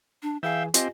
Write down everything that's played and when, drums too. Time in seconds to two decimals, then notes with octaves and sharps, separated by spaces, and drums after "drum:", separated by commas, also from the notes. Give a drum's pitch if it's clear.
0.23 D4
0.43 E3 G#4 E5 F5 G5 G#5
0.74 C4 F4 G4 D#5 G#5, drum: hi-hat